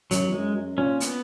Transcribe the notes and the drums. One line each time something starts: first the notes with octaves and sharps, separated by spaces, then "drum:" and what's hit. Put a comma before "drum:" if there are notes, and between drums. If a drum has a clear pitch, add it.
F#2 F#3, drum: hi-hat
E2
F#2 G#3
F#2
A#2 C#4
B3, drum: hi-hat